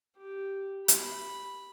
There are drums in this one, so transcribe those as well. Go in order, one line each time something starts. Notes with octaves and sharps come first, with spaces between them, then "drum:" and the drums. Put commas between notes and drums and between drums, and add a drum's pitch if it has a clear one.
G4
B5, drum: hi-hat